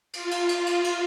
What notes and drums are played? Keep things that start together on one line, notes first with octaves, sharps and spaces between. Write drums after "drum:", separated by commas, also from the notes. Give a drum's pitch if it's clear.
F4, drum: cymbal
drum: cymbal
drum: cymbal
drum: cymbal
drum: cymbal